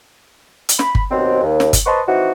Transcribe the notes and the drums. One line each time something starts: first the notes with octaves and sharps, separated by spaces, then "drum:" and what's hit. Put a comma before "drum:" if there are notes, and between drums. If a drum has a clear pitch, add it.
drum: hi-hat
B5, drum: snare
drum: kick G1
D#2 B2 F#3 C4
D#2
drum: snare
drum: kick G1, hi-hat
B4 C5 D#5 A5 C6 C#6
E3 C4 D#4 F#4